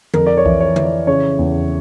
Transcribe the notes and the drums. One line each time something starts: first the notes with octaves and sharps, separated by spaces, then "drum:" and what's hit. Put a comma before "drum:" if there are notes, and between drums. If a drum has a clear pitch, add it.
F2 A#4, drum: tom D3
D5
C#5
E3, drum: kick C2
C#5
E3, drum: tom D3
D5
C#3 C#5
E2